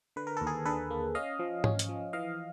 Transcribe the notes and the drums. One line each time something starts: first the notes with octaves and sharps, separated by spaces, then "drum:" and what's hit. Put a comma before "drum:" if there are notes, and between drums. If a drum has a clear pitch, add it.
D3 B4
A#4
D#2 A4
G#4 A#4
D3 A4 B4
A#3
C#4 D#5 F5
F3
C#4, drum: tom G#2
drum: hi-hat
F3
E3 D#5 F5